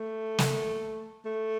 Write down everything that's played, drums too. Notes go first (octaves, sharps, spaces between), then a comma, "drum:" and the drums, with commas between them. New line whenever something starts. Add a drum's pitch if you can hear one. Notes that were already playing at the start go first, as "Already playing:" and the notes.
Already playing: A3
drum: snare
A3